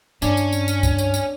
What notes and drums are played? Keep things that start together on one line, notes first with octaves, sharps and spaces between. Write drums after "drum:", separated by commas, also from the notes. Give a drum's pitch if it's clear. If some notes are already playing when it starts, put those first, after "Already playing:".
G2 C#4 D4, drum: tambourine
drum: tambourine
drum: tambourine
drum: tambourine
drum: kick C2, tambourine
drum: tambourine
drum: tambourine